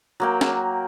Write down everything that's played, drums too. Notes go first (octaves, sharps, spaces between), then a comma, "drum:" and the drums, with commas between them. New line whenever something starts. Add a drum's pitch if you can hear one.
F#3 A#3 G5
drum: snare